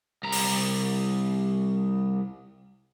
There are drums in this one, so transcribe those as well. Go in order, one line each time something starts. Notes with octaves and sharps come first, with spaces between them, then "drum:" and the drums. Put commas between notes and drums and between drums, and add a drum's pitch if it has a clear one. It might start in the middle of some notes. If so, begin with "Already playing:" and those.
C2 A#5
drum: open hi-hat